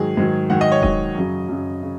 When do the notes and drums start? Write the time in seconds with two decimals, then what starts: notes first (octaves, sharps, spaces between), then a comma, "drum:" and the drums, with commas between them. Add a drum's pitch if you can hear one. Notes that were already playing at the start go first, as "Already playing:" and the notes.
Already playing: G#2 D#3 F#3 G#4
0.17 G#2 D#3 F#3
0.50 G#2 D#3 F#3 F#5
0.61 D#5
0.72 C#5
0.82 G#2 D#3 F#3 D#5, drum: kick D#1
1.15 F#2 C#3 F#3
1.48 F#2 C#3 F#3
1.83 C#3